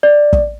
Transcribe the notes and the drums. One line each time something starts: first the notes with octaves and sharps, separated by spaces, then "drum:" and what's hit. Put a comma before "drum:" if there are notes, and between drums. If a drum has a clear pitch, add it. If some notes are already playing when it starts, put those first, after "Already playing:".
D5
drum: kick